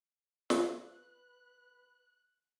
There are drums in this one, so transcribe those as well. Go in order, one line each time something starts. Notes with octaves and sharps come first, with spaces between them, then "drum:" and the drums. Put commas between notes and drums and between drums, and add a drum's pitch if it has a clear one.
B4 F#6, drum: snare